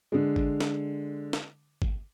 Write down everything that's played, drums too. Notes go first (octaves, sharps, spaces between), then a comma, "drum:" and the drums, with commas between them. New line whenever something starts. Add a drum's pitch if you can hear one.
D3 G#3
drum: kick
drum: snare
drum: snare
drum: kick